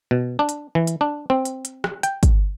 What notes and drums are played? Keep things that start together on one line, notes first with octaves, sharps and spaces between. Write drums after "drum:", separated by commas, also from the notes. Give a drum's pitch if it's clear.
B2
D4
drum: hi-hat
E3
drum: hi-hat
D4
C4
drum: hi-hat
drum: hi-hat
drum: rim click
G5, drum: hi-hat
drum: kick, hi-hat